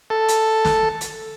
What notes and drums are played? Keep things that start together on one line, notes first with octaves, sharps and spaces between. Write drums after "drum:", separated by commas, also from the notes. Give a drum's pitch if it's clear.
A4
drum: hi-hat
drum: snare
drum: hi-hat